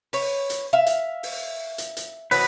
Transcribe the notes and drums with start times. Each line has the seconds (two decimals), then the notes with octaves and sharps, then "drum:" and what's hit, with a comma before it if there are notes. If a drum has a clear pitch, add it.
0.13 B4 C#5, drum: open hi-hat
0.50 drum: hi-hat
0.73 E5 F5
0.86 drum: hi-hat
1.23 drum: open hi-hat
1.78 drum: hi-hat
1.97 drum: hi-hat
2.31 E3 F#3 B3 B4, drum: open hi-hat